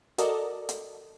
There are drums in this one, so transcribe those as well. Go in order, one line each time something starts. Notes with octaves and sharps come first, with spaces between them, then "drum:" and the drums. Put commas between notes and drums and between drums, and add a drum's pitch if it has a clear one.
F#4 A4 A#4 D5 D#5, drum: hi-hat
drum: hi-hat